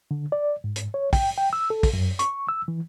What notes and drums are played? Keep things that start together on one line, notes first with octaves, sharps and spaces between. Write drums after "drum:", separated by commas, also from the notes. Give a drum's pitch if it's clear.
D3
D5
G#2
drum: hi-hat
C#5
G5, drum: kick, open hi-hat
G5
E6
A4
drum: kick, open hi-hat
F#2
C#6, drum: hi-hat
E6
E3